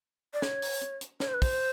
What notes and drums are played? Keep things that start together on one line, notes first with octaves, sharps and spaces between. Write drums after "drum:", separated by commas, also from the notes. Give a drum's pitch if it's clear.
D5
C#5, drum: snare
drum: open hi-hat
drum: hi-hat
drum: hi-hat
C#5, drum: snare
C5
B4
C5, drum: kick, open hi-hat